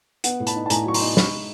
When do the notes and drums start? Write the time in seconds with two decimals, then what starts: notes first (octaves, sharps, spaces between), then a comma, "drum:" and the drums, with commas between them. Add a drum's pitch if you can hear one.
0.24 B3 F#5, drum: hi-hat
0.40 A2
0.47 A5 B5, drum: hi-hat
0.56 D#4
0.66 A5
0.70 A2 G#5 A#5, drum: hi-hat
0.85 F#3 C#6
0.94 A#5 C6, drum: open hi-hat
1.01 D#4
1.17 G#3 B5 C#6, drum: snare